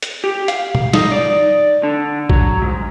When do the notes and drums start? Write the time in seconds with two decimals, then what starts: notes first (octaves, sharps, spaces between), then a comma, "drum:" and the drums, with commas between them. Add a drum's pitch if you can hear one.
0.02 drum: hi-hat
0.24 G4
0.48 F5, drum: hi-hat
0.75 drum: tom
0.93 D#4, drum: snare
1.12 D5
1.83 D3
2.30 F#3, drum: kick A#1
2.62 G#2